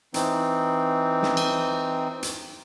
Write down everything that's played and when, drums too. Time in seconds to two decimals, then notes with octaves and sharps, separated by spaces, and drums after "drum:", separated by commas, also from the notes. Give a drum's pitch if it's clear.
0.14 E3 C4 D#4, drum: hi-hat
1.22 drum: snare
1.37 drum: cymbal
2.23 drum: hi-hat